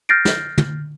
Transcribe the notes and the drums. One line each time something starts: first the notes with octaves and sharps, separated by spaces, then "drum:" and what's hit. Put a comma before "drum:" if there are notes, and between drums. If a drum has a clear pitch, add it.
F6 G6 A6 A#6 C7 D7
drum: snare
drum: tom